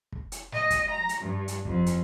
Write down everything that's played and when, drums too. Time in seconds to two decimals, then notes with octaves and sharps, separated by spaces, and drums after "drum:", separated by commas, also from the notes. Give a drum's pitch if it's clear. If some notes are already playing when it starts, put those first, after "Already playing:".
0.12 drum: kick
0.32 drum: hi-hat
0.52 D#5, drum: snare
0.70 drum: kick, hi-hat
0.90 A#5
1.09 drum: hi-hat
1.21 G2
1.48 drum: hi-hat
1.65 F2, drum: kick
1.86 drum: hi-hat